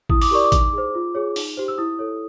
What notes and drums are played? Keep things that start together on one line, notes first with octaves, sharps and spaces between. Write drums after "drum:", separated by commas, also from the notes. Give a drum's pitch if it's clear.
E4 D#6, drum: kick A1
D6, drum: open hi-hat
G4 A#4 D5 C#6
D6
D#4, drum: kick A1, hi-hat
G#4 C5
F4
G#4 C#5
D#4, drum: open hi-hat
G4 C5
E6
E4 D#6
A4 C#5